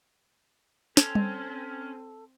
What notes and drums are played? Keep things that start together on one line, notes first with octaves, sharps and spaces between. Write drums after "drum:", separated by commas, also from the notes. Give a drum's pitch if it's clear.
C4 C#4 A4, drum: snare
drum: tom G3